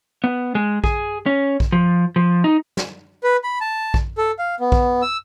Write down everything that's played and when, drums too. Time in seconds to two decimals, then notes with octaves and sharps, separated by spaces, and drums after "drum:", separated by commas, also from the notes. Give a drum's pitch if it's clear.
0.24 B3
0.55 G#3
0.84 G#4, drum: kick A#1
1.26 C#4
1.60 drum: kick A#1
1.72 F3
2.16 F3
2.44 D#4
2.77 drum: snare
3.23 B4
3.44 B5
3.61 A5
3.94 drum: kick A#1
4.18 A4
4.39 F5
4.60 B3
4.72 drum: kick A#1
5.02 E6